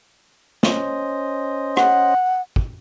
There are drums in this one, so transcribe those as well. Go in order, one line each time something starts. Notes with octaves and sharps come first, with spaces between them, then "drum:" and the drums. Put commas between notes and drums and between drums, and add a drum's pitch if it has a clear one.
C#4 C5 D#5, drum: snare
F#5, drum: rim click
drum: kick